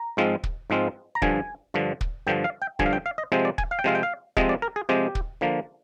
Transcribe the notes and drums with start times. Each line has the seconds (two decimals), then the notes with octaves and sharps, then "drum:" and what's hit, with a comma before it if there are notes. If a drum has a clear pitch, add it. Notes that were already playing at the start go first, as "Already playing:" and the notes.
Already playing: A#5
0.17 G#2 F3 G#3 C4 F4
0.44 drum: kick
0.70 G#2 F3 G#3 C4 F4
1.15 A#5
1.22 G2 D3 F3 G#5, drum: kick
1.74 G2 D3 F3
2.01 drum: kick
2.27 G2 D3 F3 G5
2.44 F5
2.62 G5
2.79 G2 D3 F3 G#5, drum: kick
2.86 F5
2.93 G5
3.06 F5
3.18 D#5
3.32 C3 F3 G#3 C4 C5
3.45 D5
3.58 G#5, drum: kick
3.71 F5
3.79 G5
3.84 C3 F3 G#3 C4 F5
3.95 G5
4.03 F5
4.37 C3 F3 G#3 C4 D#5, drum: kick
4.49 D5
4.62 A#4
4.76 G#4
4.89 C3 F3 G#3 C4 G4
5.15 drum: kick
5.41 D3 F3 A#3